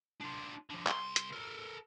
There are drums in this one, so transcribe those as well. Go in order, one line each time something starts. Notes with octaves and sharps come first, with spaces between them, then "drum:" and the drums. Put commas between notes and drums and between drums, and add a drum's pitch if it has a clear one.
D4 F4
D3 F3
C2 C6, drum: clap
drum: hi-hat
A4 A#4